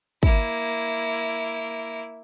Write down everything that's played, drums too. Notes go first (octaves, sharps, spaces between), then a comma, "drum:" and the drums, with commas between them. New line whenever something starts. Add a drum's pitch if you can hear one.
A#3 E4, drum: kick